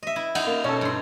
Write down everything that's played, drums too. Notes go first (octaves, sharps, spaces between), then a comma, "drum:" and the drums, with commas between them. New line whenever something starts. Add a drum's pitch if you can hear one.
D#5 E5
E4
D#4 F#5, drum: cymbal
A#3
B2 C#4 A4
G2 C6